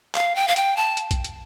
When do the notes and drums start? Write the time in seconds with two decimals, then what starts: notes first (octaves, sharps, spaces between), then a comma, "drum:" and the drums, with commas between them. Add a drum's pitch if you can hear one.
0.15 F5, drum: clap
0.36 G5
0.48 F5
0.56 G5, drum: hi-hat
0.77 A5
0.97 drum: hi-hat
1.11 drum: kick, hi-hat
1.24 drum: hi-hat